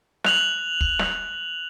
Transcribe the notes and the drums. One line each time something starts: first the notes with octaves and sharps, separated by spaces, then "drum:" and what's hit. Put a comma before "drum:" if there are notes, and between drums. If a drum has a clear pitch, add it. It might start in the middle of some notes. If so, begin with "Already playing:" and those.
F#6 F7 F#7, drum: snare
drum: kick
drum: snare